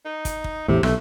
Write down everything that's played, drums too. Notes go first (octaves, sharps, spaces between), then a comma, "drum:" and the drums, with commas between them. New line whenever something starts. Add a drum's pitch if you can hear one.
D#4
drum: kick, hi-hat
drum: kick
A1 E2 A2 C3
B1 A3, drum: rim click